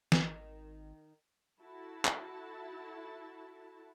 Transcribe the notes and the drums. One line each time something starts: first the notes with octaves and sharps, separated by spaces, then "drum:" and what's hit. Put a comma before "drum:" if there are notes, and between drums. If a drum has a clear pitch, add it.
G#1 D#3, drum: snare
E4 F#4 A4 A5
drum: clap